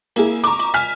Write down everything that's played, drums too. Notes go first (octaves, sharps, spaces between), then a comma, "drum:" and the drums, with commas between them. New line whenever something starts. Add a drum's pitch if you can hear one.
A#3 E4 G#4, drum: cymbal
A#5 C#6 D6, drum: cymbal
drum: cymbal
G#5 F6 B6, drum: cymbal